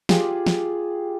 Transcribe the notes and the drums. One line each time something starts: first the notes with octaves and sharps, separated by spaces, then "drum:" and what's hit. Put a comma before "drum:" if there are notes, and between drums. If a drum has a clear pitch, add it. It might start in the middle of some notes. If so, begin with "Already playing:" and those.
F4 G4 G#4 D5, drum: snare
drum: snare